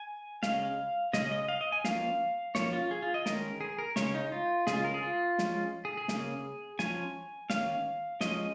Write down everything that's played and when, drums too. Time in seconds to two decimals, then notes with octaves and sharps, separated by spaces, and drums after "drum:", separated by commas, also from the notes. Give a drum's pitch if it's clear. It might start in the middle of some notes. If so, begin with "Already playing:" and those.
Already playing: G#5
0.43 C#3 G#3 C#4 F5, drum: snare
1.13 C#3 G#3 C#4 D#5, drum: snare
1.32 D#5
1.48 F5
1.61 D#5
1.72 G#5
1.84 F3 A#3 C#4 F5, drum: snare
2.55 F3 A#3 C#4 C#5, drum: snare
2.73 F4
2.91 G#4
3.02 F4
3.14 D#5
3.26 D#3 G#3 C#4 A#4, drum: snare
3.61 G#4
3.78 A#4
3.96 C#3 G#3 C#4 C#5, drum: snare
4.15 D#4
4.32 F4
4.67 C#3 G#3 C#4 G#4, drum: snare
4.76 F4
4.84 A#4
4.94 G#4
5.03 F4
5.38 F3 G#3 C#4, drum: snare
5.85 G#4
5.97 G#4
6.08 C#3 A#3 C#4, drum: snare
6.79 F3 C#4 G#5, drum: snare
7.50 D#3 A#3 C#4 F5, drum: snare
8.21 F3 G#3 C#4 D#5, drum: snare